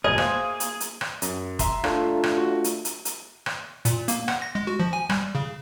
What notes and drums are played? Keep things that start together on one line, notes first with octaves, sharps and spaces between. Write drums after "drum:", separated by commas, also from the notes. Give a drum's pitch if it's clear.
F1 G#2 B2 F3 G#4 D#5
A#3 C5 E5 F5, drum: rim click
drum: hi-hat
drum: hi-hat
drum: rim click
F#2, drum: hi-hat
E5 A#5 C6, drum: kick, hi-hat
A3 D4 F4, drum: rim click
drum: rim click
F#4
drum: hi-hat
drum: hi-hat
drum: hi-hat
drum: rim click
A#2, drum: hi-hat
A#3, drum: hi-hat
F#5, drum: rim click
A#6
G#3
F#4
F3
G#5
G3, drum: rim click
C#3